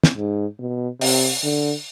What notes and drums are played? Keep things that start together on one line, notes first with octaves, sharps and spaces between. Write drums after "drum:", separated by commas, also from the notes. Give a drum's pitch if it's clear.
drum: snare
G#2
B2
C3, drum: open hi-hat
D3